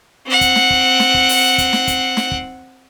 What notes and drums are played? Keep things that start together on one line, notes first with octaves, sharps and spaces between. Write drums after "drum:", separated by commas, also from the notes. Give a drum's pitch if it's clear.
C4 F#5
drum: kick, hi-hat
drum: snare
drum: kick
drum: snare
drum: kick
drum: open hi-hat
drum: kick, hi-hat
drum: snare
drum: kick, hi-hat
drum: snare
drum: kick